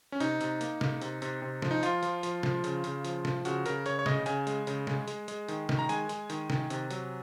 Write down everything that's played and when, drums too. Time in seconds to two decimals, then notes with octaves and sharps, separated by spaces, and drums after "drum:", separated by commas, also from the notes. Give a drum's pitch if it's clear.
0.12 C#4
0.20 C3 D#4, drum: hi-hat
0.41 C3, drum: hi-hat
0.61 A#3, drum: hi-hat
0.81 A#3, drum: snare
1.02 C3, drum: hi-hat
1.22 C3, drum: hi-hat
1.42 C3
1.62 F3, drum: snare
1.71 D#4
1.83 F3 F4, drum: hi-hat
2.03 F3, drum: hi-hat
2.23 F3, drum: hi-hat
2.43 F3, drum: snare
2.64 C#3, drum: hi-hat
2.84 C#3, drum: hi-hat
3.05 F3, drum: hi-hat
3.25 F3, drum: snare
3.45 C#3 F#4, drum: hi-hat
3.66 C#3 A#4, drum: hi-hat
3.86 C#3 C#5, drum: hi-hat
3.99 C#5
4.06 C#3 D#5, drum: snare
4.26 C#3 G#5, drum: hi-hat
4.47 G#3, drum: hi-hat
4.67 C#3, drum: hi-hat
4.87 G#3, drum: snare
5.08 G#3, drum: hi-hat
5.28 G#3, drum: hi-hat
5.48 D#3, drum: hi-hat
5.69 D#3, drum: snare
5.79 A#5
5.89 G#3 G#5, drum: hi-hat
6.09 G#3, drum: hi-hat
6.30 D#3, drum: hi-hat
6.50 D#3, drum: snare
6.70 C3, drum: hi-hat
6.91 F#3, drum: hi-hat